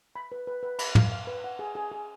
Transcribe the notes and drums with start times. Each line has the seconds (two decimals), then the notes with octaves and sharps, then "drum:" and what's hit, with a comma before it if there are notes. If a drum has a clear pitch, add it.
0.16 B5
0.32 B4
0.47 B4
0.63 B4
0.79 B5, drum: cymbal
0.95 F5, drum: tom
1.12 F5
1.27 B4
1.44 F#5
1.59 G#4
1.75 G#4
1.92 G#4